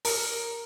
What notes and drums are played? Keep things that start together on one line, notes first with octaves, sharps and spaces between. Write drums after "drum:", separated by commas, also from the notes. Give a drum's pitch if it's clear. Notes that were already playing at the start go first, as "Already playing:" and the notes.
A#4, drum: open hi-hat